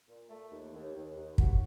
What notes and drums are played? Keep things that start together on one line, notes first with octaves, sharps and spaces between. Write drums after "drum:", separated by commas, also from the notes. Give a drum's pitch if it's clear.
A#2
A3
D#2
D#2
D#2
D#2
F#4, drum: kick